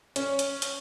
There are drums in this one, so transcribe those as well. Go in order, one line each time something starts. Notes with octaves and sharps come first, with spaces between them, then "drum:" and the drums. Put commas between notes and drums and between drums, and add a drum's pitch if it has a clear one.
C#4, drum: hi-hat
drum: hi-hat
drum: hi-hat